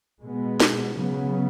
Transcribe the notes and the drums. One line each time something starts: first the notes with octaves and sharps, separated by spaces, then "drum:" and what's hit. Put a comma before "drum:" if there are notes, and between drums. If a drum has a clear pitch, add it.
B2 G#3 B3
drum: snare
C#3 F#3 B3